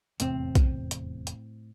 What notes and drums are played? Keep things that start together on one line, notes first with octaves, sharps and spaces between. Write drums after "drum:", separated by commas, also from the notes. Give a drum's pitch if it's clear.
F1 E2 A2 C3 C4, drum: hi-hat
drum: kick B1, hi-hat
drum: hi-hat
drum: hi-hat